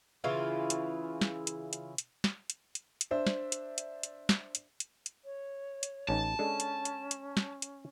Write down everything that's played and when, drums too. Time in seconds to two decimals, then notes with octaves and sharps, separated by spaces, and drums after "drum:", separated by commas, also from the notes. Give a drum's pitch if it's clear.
0.24 C#3 E3 E4 F4
0.70 drum: hi-hat
1.21 drum: snare
1.47 drum: hi-hat
1.73 drum: hi-hat
1.98 drum: hi-hat
2.24 drum: snare
2.50 drum: hi-hat
2.75 drum: hi-hat
3.01 drum: hi-hat
3.11 D4 C5 E5
3.27 drum: snare
3.52 drum: hi-hat
3.78 drum: hi-hat
4.03 drum: hi-hat
4.29 drum: snare
4.55 drum: hi-hat
4.80 drum: hi-hat
5.06 drum: hi-hat
5.25 C#5
5.83 drum: hi-hat
6.09 A1 C#4 D#4 A5
6.39 G#3 C#4 D4 A4
6.60 drum: hi-hat
6.85 drum: hi-hat
7.11 drum: hi-hat
7.37 drum: snare
7.62 drum: hi-hat